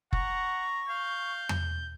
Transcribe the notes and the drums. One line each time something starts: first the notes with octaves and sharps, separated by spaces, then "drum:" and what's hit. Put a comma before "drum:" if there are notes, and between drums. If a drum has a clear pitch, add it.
F#5 A#5 C#6, drum: kick F#1
F5 G6
drum: tom E2